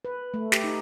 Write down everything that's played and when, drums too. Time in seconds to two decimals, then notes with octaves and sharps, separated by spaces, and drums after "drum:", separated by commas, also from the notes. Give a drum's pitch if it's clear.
0.05 B4
0.34 A3
0.52 G4, drum: snare
0.64 D#4